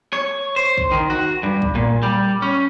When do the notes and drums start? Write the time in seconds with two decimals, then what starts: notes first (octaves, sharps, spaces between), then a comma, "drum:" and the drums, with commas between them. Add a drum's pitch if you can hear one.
0.13 C#5
0.56 C5
0.78 drum: kick
0.91 D#3
1.10 F#4
1.43 G2
1.62 drum: kick
1.75 A#2
2.03 G3
2.42 C#4